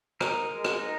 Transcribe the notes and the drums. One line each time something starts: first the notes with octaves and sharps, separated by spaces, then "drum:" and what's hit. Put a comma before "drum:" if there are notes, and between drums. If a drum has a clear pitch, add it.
D#4 A#4, drum: rim click
G#3
drum: rim click
D#4